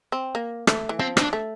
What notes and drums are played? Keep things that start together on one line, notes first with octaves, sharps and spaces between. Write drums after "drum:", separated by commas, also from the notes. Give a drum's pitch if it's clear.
C4
A#3
A3, drum: rim click
E3
F3 C4
C4, drum: rim click
D4
A3